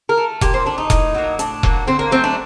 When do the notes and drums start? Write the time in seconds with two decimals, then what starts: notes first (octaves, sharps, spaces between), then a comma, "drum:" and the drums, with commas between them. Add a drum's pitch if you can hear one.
0.09 A#4
0.17 A3
0.41 A#2 G4, drum: kick E1, hi-hat
0.54 C4
0.66 A3 D4
0.78 D#4
0.90 A2, drum: kick E1, hi-hat
1.14 F#3 A#3
1.39 A2 D4, drum: hi-hat
1.63 F#3 A#3, drum: kick E1
1.87 D3 C4
1.99 A#3
2.11 F#3 A3 C4
2.24 D4